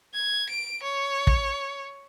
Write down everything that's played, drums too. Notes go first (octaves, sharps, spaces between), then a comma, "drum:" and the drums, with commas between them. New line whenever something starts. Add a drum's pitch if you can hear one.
G#6
D7
C#5
drum: kick